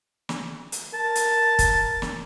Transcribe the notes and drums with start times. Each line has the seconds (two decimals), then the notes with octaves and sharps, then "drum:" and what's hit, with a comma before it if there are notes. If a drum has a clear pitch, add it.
0.29 drum: snare
0.72 drum: hi-hat
0.94 A#4 A5
1.15 drum: hi-hat
1.59 drum: kick, hi-hat
2.02 drum: snare